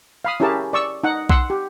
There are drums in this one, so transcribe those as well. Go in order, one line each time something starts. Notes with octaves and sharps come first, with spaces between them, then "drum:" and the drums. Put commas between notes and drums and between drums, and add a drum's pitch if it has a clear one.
F5 B5 D#6
C#4 E4 G4 G#4 A#4 A5
D5 C#6 E6
D#4 F#5
F#5 C6 E6, drum: kick B1
G4